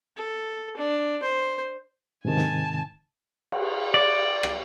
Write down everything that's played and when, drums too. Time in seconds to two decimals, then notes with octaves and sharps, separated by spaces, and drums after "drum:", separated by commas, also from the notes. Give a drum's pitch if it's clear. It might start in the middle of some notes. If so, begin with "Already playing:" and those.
0.17 A4
0.77 D4
1.23 C5
2.25 G#2 C3 D#3 G#5 A5
2.37 drum: snare
3.52 drum: cymbal
3.94 D5
4.43 drum: rim click